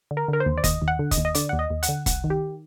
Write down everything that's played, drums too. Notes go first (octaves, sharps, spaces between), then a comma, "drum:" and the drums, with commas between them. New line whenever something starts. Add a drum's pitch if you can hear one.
D3
A#4
D3 A#4
C5
D#2
D5
D#2 D#5, drum: kick, hi-hat
D#2
F#5
D3
D#5, drum: kick, hi-hat
D#2
D#5
D3 D5, drum: hi-hat
D#2 F#5
D#5
D#2
F#5, drum: hi-hat
D3
C2 F#5, drum: kick, hi-hat
D#3
G4